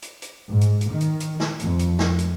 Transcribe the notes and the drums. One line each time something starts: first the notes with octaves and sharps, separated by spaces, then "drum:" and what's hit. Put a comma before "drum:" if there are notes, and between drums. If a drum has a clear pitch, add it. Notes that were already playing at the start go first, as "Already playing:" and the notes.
drum: hi-hat
drum: hi-hat
G#2
drum: hi-hat
drum: hi-hat
D#3
drum: hi-hat
drum: hi-hat
drum: snare
F2, drum: hi-hat
drum: hi-hat
drum: snare
drum: hi-hat